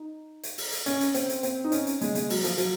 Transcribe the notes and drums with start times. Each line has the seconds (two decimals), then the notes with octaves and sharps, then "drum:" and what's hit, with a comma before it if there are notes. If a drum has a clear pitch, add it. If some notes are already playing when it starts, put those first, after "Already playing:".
Already playing: D#4
0.43 drum: hi-hat
0.58 drum: open hi-hat
0.72 drum: hi-hat
0.86 C#4, drum: hi-hat
1.01 drum: hi-hat
1.14 C4, drum: hi-hat
1.29 drum: hi-hat
1.43 C4, drum: hi-hat
1.64 D#4
1.72 C#4, drum: hi-hat
1.87 drum: hi-hat
2.01 G#3, drum: hi-hat
2.15 G#3, drum: hi-hat
2.30 F#3, drum: open hi-hat
2.44 F3, drum: hi-hat
2.58 F#3, drum: hi-hat